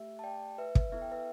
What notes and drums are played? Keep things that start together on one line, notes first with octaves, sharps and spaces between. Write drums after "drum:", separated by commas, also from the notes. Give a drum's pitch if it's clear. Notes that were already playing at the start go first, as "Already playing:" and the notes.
Already playing: A3 G4 E5
A5
D5 G5
B4 E5
drum: kick
B3 E4 A4 E5
G5
B4 E5